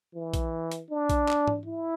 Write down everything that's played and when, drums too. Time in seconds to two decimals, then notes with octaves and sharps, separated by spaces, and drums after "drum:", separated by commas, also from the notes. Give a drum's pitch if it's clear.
0.14 E3
0.34 drum: kick A#1, hi-hat
0.72 drum: hi-hat
0.90 D4
1.10 drum: kick A#1, hi-hat
1.28 drum: clap
1.47 drum: tom G#2
1.66 E4